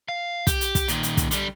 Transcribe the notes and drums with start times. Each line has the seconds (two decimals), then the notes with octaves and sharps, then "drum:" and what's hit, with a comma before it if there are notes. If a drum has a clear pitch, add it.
0.09 F5
0.47 G4, drum: kick, hi-hat
0.61 drum: hi-hat
0.75 drum: kick, hi-hat
0.88 A#2 D#3, drum: hi-hat
1.03 drum: hi-hat
1.17 drum: kick, hi-hat
1.31 D3 G3, drum: hi-hat